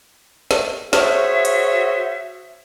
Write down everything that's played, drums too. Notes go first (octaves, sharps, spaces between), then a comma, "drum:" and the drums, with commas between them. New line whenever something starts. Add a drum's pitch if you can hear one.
drum: snare
F#4 G#4 C5 C#5 E5, drum: snare
drum: hi-hat